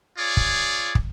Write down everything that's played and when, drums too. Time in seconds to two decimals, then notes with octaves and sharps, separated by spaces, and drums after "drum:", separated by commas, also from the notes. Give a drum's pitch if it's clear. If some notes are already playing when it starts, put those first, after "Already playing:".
0.17 F4 G#4 C#5 D5
0.37 drum: kick
0.95 drum: kick